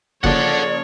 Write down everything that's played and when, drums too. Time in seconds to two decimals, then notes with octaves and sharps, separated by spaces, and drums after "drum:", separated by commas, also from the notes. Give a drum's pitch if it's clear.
0.24 C#3 F3 A#3 A4 C#5 D5 F#5, drum: kick F1